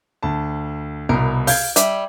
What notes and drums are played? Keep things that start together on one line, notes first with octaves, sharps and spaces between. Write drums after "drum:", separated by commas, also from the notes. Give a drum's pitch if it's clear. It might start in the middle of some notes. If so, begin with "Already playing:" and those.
D2 A5
C2 B2 A#4
F5 G6 G#6, drum: open hi-hat
G3 E5, drum: hi-hat